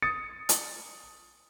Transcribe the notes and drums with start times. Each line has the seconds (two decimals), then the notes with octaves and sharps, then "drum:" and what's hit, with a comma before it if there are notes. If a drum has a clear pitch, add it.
0.02 D#6 A6 C#7
0.49 drum: hi-hat